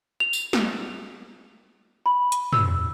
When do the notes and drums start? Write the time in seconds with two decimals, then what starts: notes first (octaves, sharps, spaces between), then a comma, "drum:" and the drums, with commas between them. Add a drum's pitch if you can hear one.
0.20 F7
0.33 drum: tambourine
0.53 drum: snare
2.06 B5
2.32 drum: hi-hat
2.53 E6, drum: tom